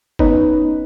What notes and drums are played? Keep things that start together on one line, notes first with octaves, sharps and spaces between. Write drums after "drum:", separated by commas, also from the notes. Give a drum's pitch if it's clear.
B3 C#4 D#4 B4, drum: kick F1